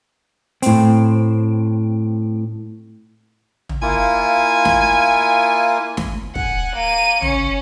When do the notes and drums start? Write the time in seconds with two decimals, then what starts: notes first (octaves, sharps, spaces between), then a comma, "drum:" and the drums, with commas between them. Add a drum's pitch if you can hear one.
0.62 A2 C4, drum: hi-hat
3.69 drum: tom
3.82 A#3 E4 F4 G#5
4.65 drum: snare
5.97 drum: snare
6.35 F#5 G#5, drum: kick
6.75 A#3 D#7
7.22 C#4 C#7, drum: tom